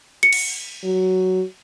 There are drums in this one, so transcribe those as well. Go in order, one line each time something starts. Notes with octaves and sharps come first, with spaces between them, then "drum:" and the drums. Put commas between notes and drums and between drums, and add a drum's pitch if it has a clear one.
C#7
drum: cymbal
F#3